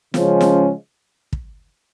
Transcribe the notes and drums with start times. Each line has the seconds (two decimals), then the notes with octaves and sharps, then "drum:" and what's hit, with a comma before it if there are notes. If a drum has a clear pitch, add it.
0.14 C#3 F3 G#3 C#4, drum: snare
0.41 drum: snare
1.33 drum: kick